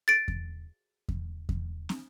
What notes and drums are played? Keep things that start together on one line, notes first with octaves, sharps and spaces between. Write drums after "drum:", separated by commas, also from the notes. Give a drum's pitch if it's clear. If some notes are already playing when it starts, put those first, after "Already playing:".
A6 D7
drum: kick E2
drum: kick E2
drum: kick E2
drum: snare